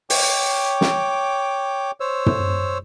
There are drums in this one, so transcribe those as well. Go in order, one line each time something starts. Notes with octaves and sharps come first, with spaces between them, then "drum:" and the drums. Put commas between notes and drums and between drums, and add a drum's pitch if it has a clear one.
C#5 G5 D6, drum: open hi-hat
drum: snare
C5 C#5 E6
drum: tom